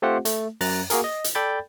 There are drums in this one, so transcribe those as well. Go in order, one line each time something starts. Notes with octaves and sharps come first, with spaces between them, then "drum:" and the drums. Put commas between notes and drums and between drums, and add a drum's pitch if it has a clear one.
A3 C4 F4 G4 C5 F#5
A3, drum: hi-hat
F#2 A#5 F#6 A6, drum: open hi-hat
A#3 F#4 G#4 A#4, drum: hi-hat
D#5
drum: hi-hat
A4 D5 G5 B5 G6 A6